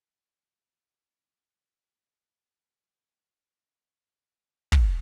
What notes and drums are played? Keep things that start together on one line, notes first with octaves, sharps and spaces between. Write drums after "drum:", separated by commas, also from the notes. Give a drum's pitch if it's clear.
E2 C5 E5
D#3 G#3 C4 E6 G6 F7
D6 D#7
F#4 A#4 B4
G3 D4 F#4
F#2 G4 C#5
drum: kick